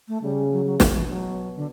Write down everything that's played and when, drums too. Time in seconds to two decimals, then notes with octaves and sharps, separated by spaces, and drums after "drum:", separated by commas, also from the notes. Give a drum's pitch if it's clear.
0.08 A3
0.23 C#3 G3
0.51 F#3
0.66 F#3
0.80 B2 E3, drum: snare
0.94 E3
1.08 F#3
1.56 D3